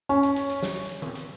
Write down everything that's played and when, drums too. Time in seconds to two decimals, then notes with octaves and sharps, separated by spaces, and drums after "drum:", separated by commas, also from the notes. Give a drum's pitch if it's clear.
0.09 C#4, drum: hi-hat
0.23 drum: hi-hat
0.36 drum: hi-hat
0.49 drum: hi-hat
0.63 drum: snare
0.76 drum: hi-hat
0.89 drum: hi-hat
1.02 drum: tom D#3
1.15 drum: hi-hat